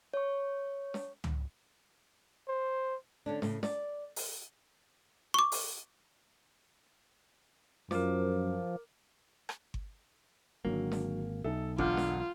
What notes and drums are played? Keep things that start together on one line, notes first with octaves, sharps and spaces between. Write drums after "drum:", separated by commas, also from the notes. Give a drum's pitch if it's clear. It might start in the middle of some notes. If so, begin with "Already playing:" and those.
C#5 C#6
drum: snare
drum: tom
C5
D3 C#4 D4
A2 C#3, drum: snare
D5, drum: snare
drum: open hi-hat
C#6 D6
drum: open hi-hat
F#2 F3 A#4 D6, drum: snare
drum: rim click
drum: kick G1
G#1 E2 D3 F#3 A#3
drum: snare
B1 D#4 A4 E5
E1 D3 F4 F#5 D6 F6 G6, drum: kick G1
drum: snare